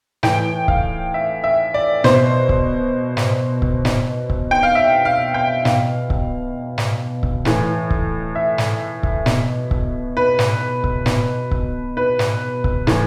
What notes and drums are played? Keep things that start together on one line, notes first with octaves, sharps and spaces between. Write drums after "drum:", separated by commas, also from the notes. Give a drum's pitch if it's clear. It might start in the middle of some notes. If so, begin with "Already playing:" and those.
A2 E3 G5, drum: snare
F5, drum: kick C#1
E5
E5
D5
B2 C5, drum: snare
drum: kick C#1
drum: snare
drum: kick C#1
B2, drum: snare
drum: kick C#1
G5
F5
E5
F5
G5
B2 F5, drum: snare
drum: kick C#1
drum: snare
drum: kick C#1
A2 E3, drum: snare
drum: kick C#1
E5
drum: snare
drum: kick C#1
B2, drum: snare
drum: kick C#1
B4
drum: snare
drum: kick C#1
B2, drum: snare
drum: kick C#1
B4
drum: snare
drum: kick C#1
A2 E3, drum: snare